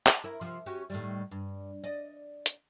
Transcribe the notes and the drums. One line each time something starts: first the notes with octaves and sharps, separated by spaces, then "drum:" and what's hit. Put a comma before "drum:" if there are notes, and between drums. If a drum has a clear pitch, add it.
drum: clap
E4 A#4
C3 F3
C#4 F#4 G4
A2 D#3 G3
G2
D5 D#5
drum: hi-hat